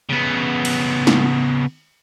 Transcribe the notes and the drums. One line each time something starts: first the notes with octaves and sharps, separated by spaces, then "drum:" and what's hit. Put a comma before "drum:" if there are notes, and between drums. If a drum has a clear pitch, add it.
C#3 B3
drum: cymbal
drum: snare